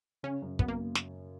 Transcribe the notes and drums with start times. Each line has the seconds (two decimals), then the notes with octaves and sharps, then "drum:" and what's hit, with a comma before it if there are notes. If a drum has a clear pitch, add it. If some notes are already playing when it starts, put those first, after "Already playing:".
0.23 C#3 C#4
0.42 F#2
0.59 F#2 B3, drum: kick
0.68 A#3
0.95 drum: snare